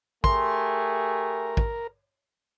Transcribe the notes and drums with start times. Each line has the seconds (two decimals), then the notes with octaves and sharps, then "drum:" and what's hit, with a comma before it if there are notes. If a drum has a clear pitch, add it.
0.24 A3 G4 G#4 A#4 C6, drum: kick
1.57 drum: kick